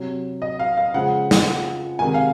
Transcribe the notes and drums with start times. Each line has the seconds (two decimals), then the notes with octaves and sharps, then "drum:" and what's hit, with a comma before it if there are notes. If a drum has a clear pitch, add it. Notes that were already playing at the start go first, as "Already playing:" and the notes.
Already playing: C3 F#3
0.42 D#5
0.59 F5
0.77 F5
0.94 C#3 F3 G#3 F#5
1.31 drum: snare
1.99 C3 D#3 G#3 G#5
2.14 F5